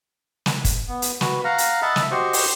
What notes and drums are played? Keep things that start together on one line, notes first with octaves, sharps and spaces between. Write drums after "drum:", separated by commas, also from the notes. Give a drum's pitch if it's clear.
drum: snare
drum: kick, hi-hat
B3
drum: hi-hat
F#4 B4, drum: snare
F5 F#5 A#5
drum: hi-hat
D#5 E5 F#5 A5 B5
drum: snare
F#4 G4 C5 D#5 C#6
drum: open hi-hat